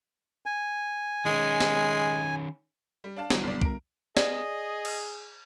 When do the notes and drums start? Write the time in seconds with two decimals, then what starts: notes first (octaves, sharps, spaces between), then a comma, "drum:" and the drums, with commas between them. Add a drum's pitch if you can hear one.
0.46 G#5
1.26 D#3 G#3 C#4
1.61 drum: snare
3.04 G3
3.16 D4 F5 A5
3.30 G1 E3 F#3 D4, drum: snare
3.43 B1 D5
3.62 A#4 D7, drum: kick
4.17 G#4 D5 D#5, drum: snare
4.85 drum: cymbal